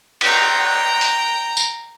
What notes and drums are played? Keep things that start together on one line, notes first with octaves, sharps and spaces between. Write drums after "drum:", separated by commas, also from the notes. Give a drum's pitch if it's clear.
G5 A#5, drum: cymbal
drum: hi-hat
drum: tambourine